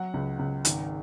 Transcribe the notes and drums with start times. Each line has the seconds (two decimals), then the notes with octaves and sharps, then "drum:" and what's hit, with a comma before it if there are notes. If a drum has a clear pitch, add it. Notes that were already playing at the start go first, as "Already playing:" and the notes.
Already playing: F#3 F#5
0.14 C#2
0.39 C#2
0.65 G#1, drum: hi-hat